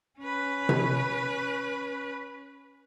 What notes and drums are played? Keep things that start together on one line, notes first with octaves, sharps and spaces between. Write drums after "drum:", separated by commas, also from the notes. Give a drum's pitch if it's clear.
C#4 B4
drum: tom C3